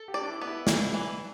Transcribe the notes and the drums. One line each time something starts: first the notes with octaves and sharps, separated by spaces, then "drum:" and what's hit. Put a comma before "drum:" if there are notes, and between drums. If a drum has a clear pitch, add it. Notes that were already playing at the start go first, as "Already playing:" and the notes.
Already playing: A4
G4
D5
D4
E4
B3
E4
D4, drum: snare
E3